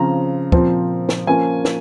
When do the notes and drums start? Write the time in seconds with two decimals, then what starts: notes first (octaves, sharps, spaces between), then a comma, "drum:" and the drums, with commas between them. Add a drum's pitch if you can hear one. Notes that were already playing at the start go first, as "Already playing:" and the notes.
Already playing: C#3 F3 C4 A#5
0.52 A#2 F3 C4, drum: kick
1.09 drum: snare
1.27 F3 A#3 C#4 G#5
1.65 drum: snare